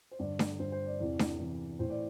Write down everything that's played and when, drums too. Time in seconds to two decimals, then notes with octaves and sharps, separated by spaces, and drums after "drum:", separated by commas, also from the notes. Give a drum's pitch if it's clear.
0.11 C5
0.19 G2 D3 D5
0.39 drum: snare D4
0.59 G2 D3 C5
0.72 C5
0.86 D5
0.99 E2 C3 E3 D5
1.19 drum: snare D4
1.39 E2 C3 E3
1.79 A2 E3 C5
1.90 D5